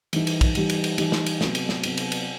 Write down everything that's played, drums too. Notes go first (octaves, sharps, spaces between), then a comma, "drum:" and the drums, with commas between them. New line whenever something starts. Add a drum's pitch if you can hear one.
E3 G3 D#4, drum: cymbal
drum: cymbal
drum: kick, cymbal
E3 G3 D#4, drum: cymbal
drum: cymbal
drum: cymbal
E3 G3 D#4, drum: cymbal
drum: snare
drum: cymbal
C3 F#3 B3, drum: snare
drum: cymbal
drum: snare
C3 F#3 B3, drum: cymbal
drum: cymbal
drum: cymbal